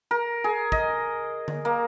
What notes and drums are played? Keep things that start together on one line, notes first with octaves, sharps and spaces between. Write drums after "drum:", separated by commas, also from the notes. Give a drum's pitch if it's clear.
A#4
G#4
D#5, drum: kick
drum: tom D3
A#3